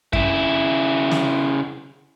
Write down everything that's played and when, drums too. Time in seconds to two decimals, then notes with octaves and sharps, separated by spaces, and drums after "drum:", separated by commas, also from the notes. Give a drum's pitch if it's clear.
0.13 C#3 E4, drum: kick F#2
1.11 drum: snare